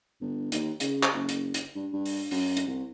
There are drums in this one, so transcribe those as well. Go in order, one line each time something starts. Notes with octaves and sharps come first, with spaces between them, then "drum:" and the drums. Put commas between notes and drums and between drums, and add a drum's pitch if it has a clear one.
G1
D#2, drum: hi-hat
C#3, drum: hi-hat
drum: clap
F#1
drum: hi-hat
drum: hi-hat
G2
G2
drum: open hi-hat
F#2, drum: open hi-hat
drum: hi-hat
C2